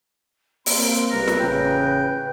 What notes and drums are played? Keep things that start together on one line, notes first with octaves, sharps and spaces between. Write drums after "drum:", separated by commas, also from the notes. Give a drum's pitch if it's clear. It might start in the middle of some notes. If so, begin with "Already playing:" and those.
A#3 C4 C6, drum: open hi-hat
C#2 C3 G3 A#4 B4
drum: snare
A1 C#3 G5